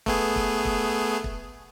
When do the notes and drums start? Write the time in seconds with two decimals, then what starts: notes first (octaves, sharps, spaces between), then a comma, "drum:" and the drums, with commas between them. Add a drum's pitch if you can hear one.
0.06 A3 B3 G#4, drum: kick
0.36 drum: kick
0.65 drum: kick
1.24 drum: kick